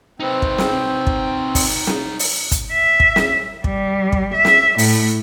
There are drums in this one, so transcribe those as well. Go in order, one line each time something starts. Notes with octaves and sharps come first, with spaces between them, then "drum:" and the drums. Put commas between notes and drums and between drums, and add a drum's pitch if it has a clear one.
C4 D#4 B4
drum: kick
drum: snare
drum: kick
drum: kick, open hi-hat
drum: snare
drum: open hi-hat
drum: kick, hi-hat
E5
drum: kick
drum: snare
G3, drum: kick
drum: kick
E5
drum: snare
A2, drum: open hi-hat